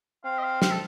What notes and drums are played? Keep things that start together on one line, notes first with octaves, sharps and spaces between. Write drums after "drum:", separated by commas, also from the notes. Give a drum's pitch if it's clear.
C4 F5
D#5
F5
F5, drum: snare
A4